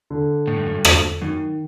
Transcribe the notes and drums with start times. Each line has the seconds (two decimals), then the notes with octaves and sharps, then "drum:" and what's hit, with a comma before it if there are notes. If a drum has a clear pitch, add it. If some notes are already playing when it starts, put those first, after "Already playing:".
0.10 D3
0.47 A2
0.57 G2
0.66 F#2
0.75 G2
0.85 drum: rim click
1.22 F#2 D#3